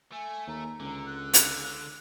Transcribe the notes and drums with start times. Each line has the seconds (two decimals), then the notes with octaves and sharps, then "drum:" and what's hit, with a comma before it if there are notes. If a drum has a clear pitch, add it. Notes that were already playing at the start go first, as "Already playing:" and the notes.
0.12 A3 G#5
0.47 D#2 A#5
0.80 C#2 D3
1.06 F#6
1.34 drum: hi-hat